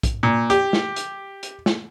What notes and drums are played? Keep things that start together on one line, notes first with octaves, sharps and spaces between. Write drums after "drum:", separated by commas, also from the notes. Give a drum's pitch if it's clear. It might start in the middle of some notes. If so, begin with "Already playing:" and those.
drum: kick, hi-hat
A#2
G4, drum: hi-hat
drum: snare
drum: hi-hat
drum: hi-hat
drum: snare